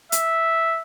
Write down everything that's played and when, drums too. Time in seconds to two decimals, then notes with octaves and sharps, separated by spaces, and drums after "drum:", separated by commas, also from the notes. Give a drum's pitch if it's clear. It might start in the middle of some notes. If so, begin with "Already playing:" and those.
0.12 E5, drum: hi-hat